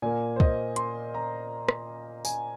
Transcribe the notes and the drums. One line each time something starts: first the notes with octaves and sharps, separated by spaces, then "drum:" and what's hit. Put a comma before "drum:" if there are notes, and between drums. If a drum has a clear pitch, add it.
A#2 A#3 G#5
C5
D#5, drum: kick
C6, drum: hi-hat
A#5
drum: rim click
G#5, drum: tambourine